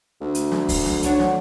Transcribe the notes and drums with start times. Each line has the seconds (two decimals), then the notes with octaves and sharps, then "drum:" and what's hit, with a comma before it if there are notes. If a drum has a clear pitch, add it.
0.21 D2
0.35 drum: hi-hat
0.52 drum: snare
0.69 drum: kick C#2, open hi-hat
0.86 drum: snare
1.03 D4 C#5 F#5, drum: hi-hat
1.20 drum: snare